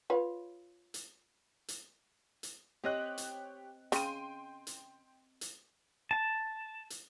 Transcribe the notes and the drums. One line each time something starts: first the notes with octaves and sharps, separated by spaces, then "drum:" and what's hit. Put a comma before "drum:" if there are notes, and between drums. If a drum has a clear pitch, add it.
F4 B4 C#5
drum: hi-hat
drum: hi-hat
drum: hi-hat
C4 G4 C#5 D#5 F#6
drum: hi-hat
C#3 G5 C6 D#7, drum: hi-hat
drum: hi-hat
drum: hi-hat
A5
drum: hi-hat